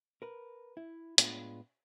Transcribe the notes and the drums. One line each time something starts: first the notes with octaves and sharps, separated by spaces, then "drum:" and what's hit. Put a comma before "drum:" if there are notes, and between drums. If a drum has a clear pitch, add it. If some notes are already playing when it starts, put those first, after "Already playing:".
A#4 B4
E4
A2 G#3 B3 D4 F4 B4, drum: hi-hat